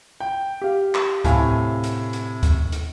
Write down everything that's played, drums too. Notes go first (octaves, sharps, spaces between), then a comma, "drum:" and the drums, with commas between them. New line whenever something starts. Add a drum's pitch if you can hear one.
G5
G4 F5
drum: clap
A2 C3 F5 G#5 A5, drum: kick D2, hi-hat
drum: hi-hat
drum: hi-hat
drum: kick D2, hi-hat
drum: hi-hat